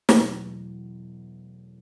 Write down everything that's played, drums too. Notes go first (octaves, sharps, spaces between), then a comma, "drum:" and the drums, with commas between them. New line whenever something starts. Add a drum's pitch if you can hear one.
E2 B2 F#3 A3 E4, drum: snare